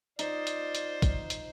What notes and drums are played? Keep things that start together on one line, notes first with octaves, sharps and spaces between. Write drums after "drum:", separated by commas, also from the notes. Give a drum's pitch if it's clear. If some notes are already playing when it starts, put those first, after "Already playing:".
D#4 F4 C5 D5, drum: hi-hat
drum: hi-hat
drum: hi-hat
drum: kick, hi-hat
drum: hi-hat